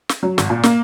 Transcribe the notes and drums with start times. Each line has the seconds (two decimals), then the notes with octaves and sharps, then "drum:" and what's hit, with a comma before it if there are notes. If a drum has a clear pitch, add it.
0.09 drum: snare
0.23 F#3
0.38 G#1, drum: snare
0.50 A#2
0.63 A#3, drum: snare